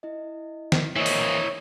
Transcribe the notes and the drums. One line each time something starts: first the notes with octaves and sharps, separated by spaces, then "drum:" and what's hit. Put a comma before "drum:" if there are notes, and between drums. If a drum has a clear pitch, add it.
E4 D#5
drum: snare
E3 A#3 E4 C5 C#5 D#5 E5
drum: open hi-hat